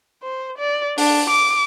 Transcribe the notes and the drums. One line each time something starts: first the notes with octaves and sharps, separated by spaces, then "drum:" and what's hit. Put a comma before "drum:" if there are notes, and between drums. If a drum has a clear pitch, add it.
C5
D5
D4, drum: open hi-hat
D6